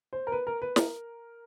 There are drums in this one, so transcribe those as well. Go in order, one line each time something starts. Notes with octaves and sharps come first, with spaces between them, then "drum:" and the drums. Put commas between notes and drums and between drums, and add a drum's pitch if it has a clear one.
C5
A#4
B4
A#4
B4
A#4, drum: snare